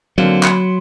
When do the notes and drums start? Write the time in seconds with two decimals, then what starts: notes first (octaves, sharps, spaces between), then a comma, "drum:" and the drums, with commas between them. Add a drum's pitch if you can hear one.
0.18 D3 F#3 A#3 C4
0.43 B5 C6 C#7, drum: clap